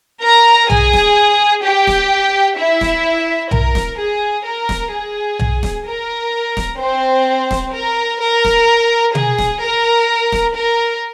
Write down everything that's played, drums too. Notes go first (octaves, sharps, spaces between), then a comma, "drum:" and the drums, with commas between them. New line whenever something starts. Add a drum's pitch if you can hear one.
A#4 A#5
G#4 G#5, drum: tom B1
drum: snare
G4 G5
drum: snare
E4 E5
drum: snare
A#4, drum: tom B1
drum: snare
G#4
A#4
drum: snare
G#4
drum: tom B1
drum: snare
A#4
drum: snare
C4 C5
drum: snare
A#4
A#4
drum: snare
G#4, drum: tom B2
drum: snare
A#4
drum: snare
A#4